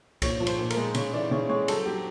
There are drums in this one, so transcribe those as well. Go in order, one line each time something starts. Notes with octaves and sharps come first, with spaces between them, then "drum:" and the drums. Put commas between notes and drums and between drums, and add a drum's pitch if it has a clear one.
A#2 C#5, drum: kick C2, cymbal
F3
C5, drum: cymbal
A#2
A#4, drum: cymbal
G#3
C#3 C#5, drum: cymbal
E3 D5
C#3 C#5
G#3 C#5
F#3 A4, drum: cymbal
F#3 G4